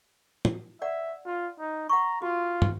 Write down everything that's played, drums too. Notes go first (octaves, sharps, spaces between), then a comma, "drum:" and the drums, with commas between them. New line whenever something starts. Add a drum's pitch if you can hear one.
drum: tom
D5 E5 F#5
F4
D#4
F#5 A#5 C#6
F4 F#4
drum: tom